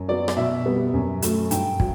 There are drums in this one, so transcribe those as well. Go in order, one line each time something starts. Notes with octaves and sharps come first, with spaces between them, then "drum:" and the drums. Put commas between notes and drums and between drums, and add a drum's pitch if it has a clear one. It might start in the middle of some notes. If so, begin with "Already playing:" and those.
Already playing: F#2
F#3 B3 D5
D5, drum: rim click
B2 E5
G3 B3
F#2
F#3 A3, drum: hi-hat
G2 G5, drum: hi-hat
F#3, drum: kick